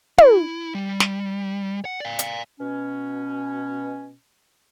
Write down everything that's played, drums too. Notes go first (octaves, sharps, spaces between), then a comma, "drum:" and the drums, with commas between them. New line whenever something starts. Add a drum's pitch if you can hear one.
E4, drum: tom
G3
drum: snare
F#5
D5 F5
drum: hi-hat
B2 C#4